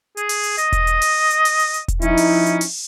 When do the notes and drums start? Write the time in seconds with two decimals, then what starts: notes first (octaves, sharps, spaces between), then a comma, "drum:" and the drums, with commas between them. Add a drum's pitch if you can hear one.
0.17 G#4, drum: hi-hat
0.29 drum: open hi-hat
0.44 drum: hi-hat
0.58 D#5, drum: hi-hat
0.73 drum: kick E1, hi-hat
0.87 drum: hi-hat
1.02 drum: open hi-hat
1.30 drum: hi-hat
1.45 drum: open hi-hat
1.59 drum: hi-hat
1.74 drum: hi-hat
1.88 drum: kick E1, hi-hat
2.02 F3 C#4 D#4 E4, drum: hi-hat
2.17 drum: open hi-hat
2.46 drum: hi-hat
2.61 drum: open hi-hat